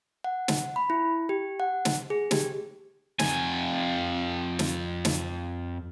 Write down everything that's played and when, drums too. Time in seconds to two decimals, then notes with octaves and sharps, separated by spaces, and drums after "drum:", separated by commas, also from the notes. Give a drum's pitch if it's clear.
0.24 F#5
0.48 drum: snare
0.76 B5
0.90 E4
1.29 G4
1.60 F#5
1.85 drum: snare
2.10 G#4
2.31 G4, drum: snare
3.19 F2 G#5, drum: snare
4.59 drum: snare
5.05 drum: snare